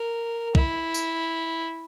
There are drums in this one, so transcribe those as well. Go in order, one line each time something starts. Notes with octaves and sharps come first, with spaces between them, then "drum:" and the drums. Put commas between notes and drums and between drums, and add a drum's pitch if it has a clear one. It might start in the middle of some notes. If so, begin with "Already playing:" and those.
Already playing: A#4
E4, drum: kick
drum: tambourine